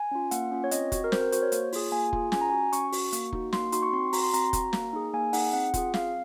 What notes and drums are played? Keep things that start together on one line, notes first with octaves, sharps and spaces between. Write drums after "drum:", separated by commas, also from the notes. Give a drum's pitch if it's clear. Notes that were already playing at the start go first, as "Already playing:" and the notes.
Already playing: G#5
C#4 F4
A#3 F#5, drum: hi-hat
C#4 F4
C#5
C4 D#5, drum: hi-hat
F#4, drum: kick F1, hi-hat
A#4
C4 C5, drum: snare
A#4
F#4 C5, drum: hi-hat
C#5
A#3, drum: hi-hat
F4 G#4, drum: open hi-hat
A#3 G#5
F4 G#4, drum: kick F1
C#4 G#5, drum: snare
A#5
F#4 G#5
C#4 C#6, drum: hi-hat
F#4, drum: open hi-hat
A#3, drum: hi-hat
D#4 F#4, drum: kick F1
A#3 C6, drum: snare
D#4 F#4 C6, drum: hi-hat
C#6
C4 C6
F#4 A#5, drum: open hi-hat
C6
C4 A#5, drum: hi-hat
F#4, drum: kick F1, hi-hat
A#3, drum: snare
D#4 G#4
A#3 G#5
D#4 G#4 F#5, drum: open hi-hat
C4 F#5
F4 G#4, drum: kick F1, hi-hat
C4 F5, drum: snare